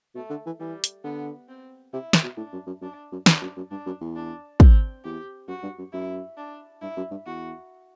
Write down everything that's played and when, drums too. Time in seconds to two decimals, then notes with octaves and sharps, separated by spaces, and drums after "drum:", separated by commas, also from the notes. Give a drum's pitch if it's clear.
0.15 B2 A3
0.30 D3
0.46 E3
0.60 E3 G3
0.84 drum: hi-hat
1.04 D3 B3
1.49 C4
1.93 C3 E4
2.13 drum: snare
2.23 B2
2.37 A2 D4
2.53 F#2
2.67 F#2
2.81 F#2 D4
3.12 F#2
3.26 E2 D4, drum: snare
3.42 F#2
3.56 F#2
3.71 G2 D4
3.86 F#2
4.01 E2
4.16 D4
4.60 C4, drum: kick
5.04 E2 G4
5.48 F#2 F#4
5.63 G2
5.78 F#2
5.92 F#2 E4
6.37 D4
6.81 G2 E4
6.97 F#2
7.11 G2
7.26 E2 F#4